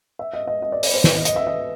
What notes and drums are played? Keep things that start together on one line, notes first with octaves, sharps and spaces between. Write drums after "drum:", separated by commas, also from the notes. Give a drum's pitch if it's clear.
E5
D#5
D#5
D#5
D5
drum: open hi-hat
C5
B4, drum: snare
D#5
D#5, drum: hi-hat
E5
D#5